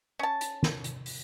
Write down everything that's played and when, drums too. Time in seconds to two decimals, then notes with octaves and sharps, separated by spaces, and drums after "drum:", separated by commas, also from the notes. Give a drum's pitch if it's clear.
0.19 C#4 A5
0.41 drum: hi-hat
0.63 drum: snare
0.84 drum: hi-hat
1.06 drum: open hi-hat